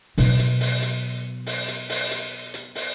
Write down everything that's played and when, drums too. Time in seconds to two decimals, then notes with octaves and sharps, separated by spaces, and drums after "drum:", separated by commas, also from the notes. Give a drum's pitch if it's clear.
0.18 B2 F#3, drum: open hi-hat
0.39 drum: hi-hat
0.61 drum: open hi-hat
0.82 drum: hi-hat
1.46 drum: open hi-hat
1.68 drum: hi-hat
1.89 drum: open hi-hat
2.11 drum: hi-hat
2.54 drum: hi-hat
2.75 drum: open hi-hat